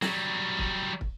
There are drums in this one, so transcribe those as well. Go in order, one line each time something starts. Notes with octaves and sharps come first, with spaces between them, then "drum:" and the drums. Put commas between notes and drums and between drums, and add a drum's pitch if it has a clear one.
F#3 G3, drum: snare
drum: kick
drum: kick